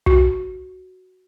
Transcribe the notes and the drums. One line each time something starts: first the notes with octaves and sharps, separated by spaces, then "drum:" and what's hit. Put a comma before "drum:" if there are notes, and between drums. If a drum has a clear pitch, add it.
F#4, drum: kick